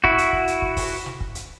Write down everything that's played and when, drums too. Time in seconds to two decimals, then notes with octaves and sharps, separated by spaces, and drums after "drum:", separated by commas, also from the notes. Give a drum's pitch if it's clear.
0.04 E4 F#4, drum: kick
0.18 drum: hi-hat
0.33 drum: kick
0.47 drum: hi-hat
0.62 drum: kick
0.77 drum: kick, open hi-hat
1.06 drum: snare
1.20 drum: kick
1.35 drum: hi-hat